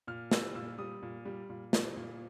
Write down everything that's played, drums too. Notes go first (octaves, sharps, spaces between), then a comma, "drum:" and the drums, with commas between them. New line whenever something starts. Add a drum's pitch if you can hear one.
A#2 F6
G3 E6, drum: snare
A#2 E6
G3 D#6
A#2
G3
A#2
G3, drum: snare
A#2